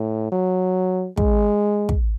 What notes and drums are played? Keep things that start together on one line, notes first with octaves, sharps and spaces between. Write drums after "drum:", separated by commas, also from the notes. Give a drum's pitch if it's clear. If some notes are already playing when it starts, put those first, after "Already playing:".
Already playing: A2
F#3
G#3, drum: kick
drum: kick